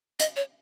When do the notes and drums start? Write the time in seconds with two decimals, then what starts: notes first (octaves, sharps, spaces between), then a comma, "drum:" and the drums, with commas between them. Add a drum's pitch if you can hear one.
0.20 D#5, drum: hi-hat
0.36 C#5